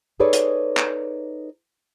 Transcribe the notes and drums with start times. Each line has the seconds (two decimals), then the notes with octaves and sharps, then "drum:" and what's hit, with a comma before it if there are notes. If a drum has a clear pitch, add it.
0.20 D#4 G#4 A4 B4 C#5 D5
0.33 drum: hi-hat
0.77 drum: clap